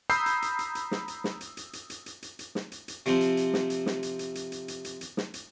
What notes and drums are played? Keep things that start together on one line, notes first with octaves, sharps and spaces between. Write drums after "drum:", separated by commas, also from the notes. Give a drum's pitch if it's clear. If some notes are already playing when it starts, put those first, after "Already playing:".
A#5 B5 D#6 E6 G6 C7, drum: hi-hat
drum: hi-hat
drum: hi-hat
drum: hi-hat
drum: hi-hat
drum: snare
drum: hi-hat
drum: snare
drum: hi-hat
drum: hi-hat
drum: hi-hat
drum: hi-hat
drum: hi-hat
drum: hi-hat
drum: hi-hat
drum: snare
drum: hi-hat
drum: hi-hat
C3 F3 C4, drum: hi-hat
drum: hi-hat
drum: hi-hat
drum: snare
drum: hi-hat
drum: snare
drum: hi-hat
drum: hi-hat
drum: hi-hat
drum: hi-hat
drum: hi-hat
drum: hi-hat
drum: hi-hat
drum: snare
drum: hi-hat